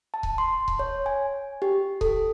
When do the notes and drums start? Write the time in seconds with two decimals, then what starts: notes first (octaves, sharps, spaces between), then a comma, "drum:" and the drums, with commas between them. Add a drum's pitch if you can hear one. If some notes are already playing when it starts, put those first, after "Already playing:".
0.14 A5
0.23 drum: kick C#1
0.38 C6
0.68 drum: kick C#1
0.79 C#5
1.06 G#5
1.62 G4
2.01 A4, drum: kick C#1